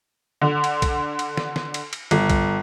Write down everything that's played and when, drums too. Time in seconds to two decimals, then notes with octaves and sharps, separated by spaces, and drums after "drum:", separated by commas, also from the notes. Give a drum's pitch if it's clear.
0.42 D3
0.64 drum: cymbal
0.82 drum: kick, cymbal
1.19 drum: cymbal
1.37 drum: snare
1.56 drum: snare
1.74 drum: cymbal
1.93 drum: cymbal
2.11 G1, drum: cymbal
2.30 drum: kick, cymbal